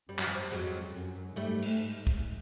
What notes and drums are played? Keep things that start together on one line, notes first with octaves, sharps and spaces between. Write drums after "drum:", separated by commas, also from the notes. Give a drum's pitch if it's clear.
F#2 G3
F#3, drum: clap
F3 G3
F2 F#3 G#3
F#2
G#2 G3 A3
drum: cymbal
drum: kick C2